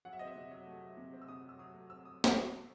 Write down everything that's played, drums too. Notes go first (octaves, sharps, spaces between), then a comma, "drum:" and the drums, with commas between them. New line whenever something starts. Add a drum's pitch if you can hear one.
F#3 F#5
E5
C4 D#5
E5
C3
F#3
A3
F#3
C3
C4
E6
C3 D#6
F#3
E6
F#3 D#6
A3
C4 E6
F#3 D#6
drum: snare